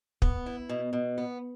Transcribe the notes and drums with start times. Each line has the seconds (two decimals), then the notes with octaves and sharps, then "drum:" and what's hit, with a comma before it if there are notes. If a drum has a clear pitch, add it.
0.22 B3, drum: kick
0.46 E4
0.69 B2
0.93 B2
1.18 B3